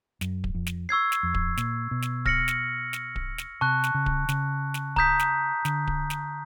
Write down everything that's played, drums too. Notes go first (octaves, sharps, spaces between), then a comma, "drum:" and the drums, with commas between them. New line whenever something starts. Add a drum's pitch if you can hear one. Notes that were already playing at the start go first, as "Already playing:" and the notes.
F#2, drum: snare
drum: kick D1
F2
drum: snare
C#6 E6 G#6 C7
drum: snare
F2
drum: kick D1
A#2, drum: snare
B2
drum: snare
F6 A#6 C#7 F#7, drum: kick D1
drum: snare
drum: snare
drum: kick D1
drum: snare
C3 A5 C#6 F#6
drum: snare
C#3
drum: kick D1
C#3, drum: snare
drum: snare
A#5 D#6 G6 B6, drum: kick D1
drum: snare
D3, drum: snare
drum: kick D1
drum: snare